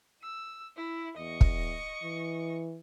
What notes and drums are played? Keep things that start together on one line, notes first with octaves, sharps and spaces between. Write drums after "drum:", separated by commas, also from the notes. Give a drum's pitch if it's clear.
E6
E4
E2 D#5 C#6
drum: kick
E3